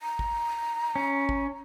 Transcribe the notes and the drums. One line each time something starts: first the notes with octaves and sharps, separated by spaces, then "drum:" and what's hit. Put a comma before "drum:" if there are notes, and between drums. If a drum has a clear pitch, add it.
A#5
drum: kick
C#4
drum: kick